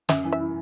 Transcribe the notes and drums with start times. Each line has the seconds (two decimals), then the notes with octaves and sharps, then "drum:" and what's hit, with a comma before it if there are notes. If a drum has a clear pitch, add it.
0.09 F#2 E5, drum: snare
0.25 E3
0.32 E5
0.40 E4